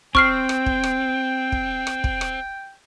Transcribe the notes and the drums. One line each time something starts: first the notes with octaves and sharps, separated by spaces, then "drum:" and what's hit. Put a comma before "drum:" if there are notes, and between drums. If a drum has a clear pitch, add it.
C4 G5 C#6 F6 C7, drum: kick
drum: rim click
drum: kick
drum: rim click
drum: kick
drum: rim click
drum: kick
drum: rim click